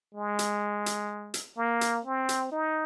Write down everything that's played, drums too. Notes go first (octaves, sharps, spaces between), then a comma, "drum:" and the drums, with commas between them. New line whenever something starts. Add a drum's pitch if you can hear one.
G#3
drum: hi-hat
drum: hi-hat
drum: hi-hat
A#3
drum: hi-hat
C4
drum: hi-hat
D#4